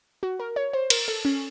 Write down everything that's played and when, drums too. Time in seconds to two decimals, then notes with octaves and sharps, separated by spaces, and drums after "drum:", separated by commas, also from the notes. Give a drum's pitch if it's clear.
0.23 F#4
0.40 A#4
0.56 C#5
0.73 C5
0.90 A#4, drum: cymbal
1.08 A4
1.25 C#4